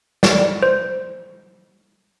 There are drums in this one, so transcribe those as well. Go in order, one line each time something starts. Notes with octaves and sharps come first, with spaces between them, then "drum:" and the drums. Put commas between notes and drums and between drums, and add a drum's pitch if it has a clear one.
D5, drum: snare
C5